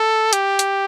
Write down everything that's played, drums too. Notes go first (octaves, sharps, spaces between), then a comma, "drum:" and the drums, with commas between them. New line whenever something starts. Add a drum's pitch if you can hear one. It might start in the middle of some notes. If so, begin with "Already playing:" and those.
Already playing: A4
G4, drum: hi-hat
drum: hi-hat